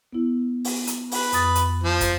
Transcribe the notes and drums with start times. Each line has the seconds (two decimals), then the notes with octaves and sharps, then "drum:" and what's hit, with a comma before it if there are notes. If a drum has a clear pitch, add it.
0.13 B3 E4
0.65 drum: open hi-hat
0.87 drum: hi-hat
1.11 B4, drum: open hi-hat
1.33 F2 D#6 A6, drum: hi-hat
1.55 drum: hi-hat
1.84 F3 C5
2.01 drum: kick, hi-hat